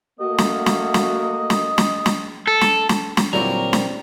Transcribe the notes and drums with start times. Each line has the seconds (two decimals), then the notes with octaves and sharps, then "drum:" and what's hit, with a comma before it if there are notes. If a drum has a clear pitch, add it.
0.20 A3 A#3 F#4 D#5
0.38 drum: snare
0.66 drum: snare
0.94 drum: snare
1.50 drum: snare
1.78 drum: snare
2.06 drum: snare
2.47 A4
2.61 drum: snare
2.89 drum: snare
3.17 drum: snare
3.33 A#2 D3 F#3 G3 C4 E4 F#4 A#4
3.73 drum: snare